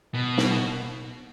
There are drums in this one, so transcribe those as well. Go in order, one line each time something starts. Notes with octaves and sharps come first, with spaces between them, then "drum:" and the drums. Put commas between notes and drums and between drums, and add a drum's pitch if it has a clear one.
B2
drum: snare